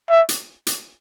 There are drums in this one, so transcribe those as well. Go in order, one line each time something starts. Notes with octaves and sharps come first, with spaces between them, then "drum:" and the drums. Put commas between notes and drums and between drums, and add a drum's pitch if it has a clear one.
E5
drum: hi-hat
drum: hi-hat